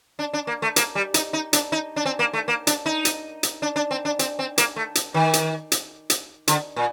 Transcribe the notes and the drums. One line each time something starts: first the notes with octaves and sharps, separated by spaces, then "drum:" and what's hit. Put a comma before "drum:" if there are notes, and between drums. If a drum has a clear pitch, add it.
D4
D4
A#3
A3
A#3, drum: hi-hat
G3
D#4, drum: hi-hat
D#4
D4, drum: hi-hat
D#4
D4
C4
A#3
A3
A#3
D4, drum: hi-hat
D#4
drum: hi-hat
drum: hi-hat
D4
D4
C4
D4
C4, drum: hi-hat
C4
A#3, drum: hi-hat
A3
drum: hi-hat
D#3
drum: hi-hat
drum: hi-hat
drum: hi-hat
D3, drum: hi-hat
A#2